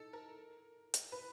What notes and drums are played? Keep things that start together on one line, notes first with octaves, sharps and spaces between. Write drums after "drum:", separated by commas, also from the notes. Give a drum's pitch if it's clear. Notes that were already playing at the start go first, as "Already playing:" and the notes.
Already playing: D#4 A4
A#4
drum: hi-hat
B4